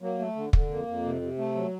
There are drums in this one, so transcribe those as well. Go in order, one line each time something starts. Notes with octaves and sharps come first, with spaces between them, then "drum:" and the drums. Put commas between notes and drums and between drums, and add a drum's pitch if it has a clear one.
F#3 A#3
A3
D3
D3, drum: kick
F2 A#3
F2
C3
C3
A3
F#3